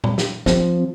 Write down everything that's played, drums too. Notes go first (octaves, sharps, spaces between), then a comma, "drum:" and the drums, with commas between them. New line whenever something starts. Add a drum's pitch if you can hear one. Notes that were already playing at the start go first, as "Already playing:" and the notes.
drum: tom A#2
drum: snare
F3 C4, drum: snare